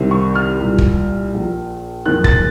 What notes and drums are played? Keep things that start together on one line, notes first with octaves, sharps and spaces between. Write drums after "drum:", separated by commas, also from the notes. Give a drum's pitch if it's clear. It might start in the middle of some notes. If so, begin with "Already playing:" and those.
Already playing: C2 C3 D#3
C#6
F6
C2 A#2
drum: kick
A#1 A#2
F#1 F2 D#3 F#6
A6, drum: kick